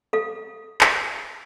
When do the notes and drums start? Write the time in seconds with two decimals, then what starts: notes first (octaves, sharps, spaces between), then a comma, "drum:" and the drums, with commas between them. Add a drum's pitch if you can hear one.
0.13 A4 F5
0.81 drum: clap